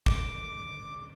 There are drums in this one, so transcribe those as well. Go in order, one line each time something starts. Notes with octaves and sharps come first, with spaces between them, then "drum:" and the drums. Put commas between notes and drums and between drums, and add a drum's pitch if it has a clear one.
D6, drum: kick